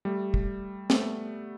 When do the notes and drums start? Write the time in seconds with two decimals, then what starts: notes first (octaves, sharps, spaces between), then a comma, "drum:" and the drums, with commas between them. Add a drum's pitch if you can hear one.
0.05 G3 A3
0.34 drum: kick
0.90 A3 B3, drum: snare